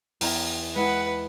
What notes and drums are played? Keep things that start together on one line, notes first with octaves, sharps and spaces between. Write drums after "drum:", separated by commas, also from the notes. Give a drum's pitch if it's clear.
E2 A#5, drum: open hi-hat
G#3 E4 B4 F#5